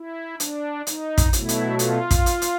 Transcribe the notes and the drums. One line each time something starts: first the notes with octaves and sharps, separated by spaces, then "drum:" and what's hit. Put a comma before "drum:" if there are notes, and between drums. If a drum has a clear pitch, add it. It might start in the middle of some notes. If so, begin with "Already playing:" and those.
Already playing: E4
D4, drum: hi-hat
D#4, drum: hi-hat
drum: kick, hi-hat
B2 F#3 A3 E4, drum: hi-hat
drum: hi-hat
F4, drum: hi-hat
drum: kick, hi-hat
drum: hi-hat
drum: hi-hat